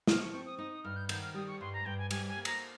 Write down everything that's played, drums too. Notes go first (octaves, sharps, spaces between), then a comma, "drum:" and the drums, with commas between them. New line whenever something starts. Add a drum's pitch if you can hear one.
F3 F6, drum: snare
C#6
C4 C#6
D#6
D#4 D#6
D#6
G2 F6
G6
D#3 G6, drum: cymbal
F6
G3 D#6
C#6
G2 C6
A#5
G2 G5
G#5
G3 G#5, drum: cymbal
G#5
A#3
A#5, drum: cymbal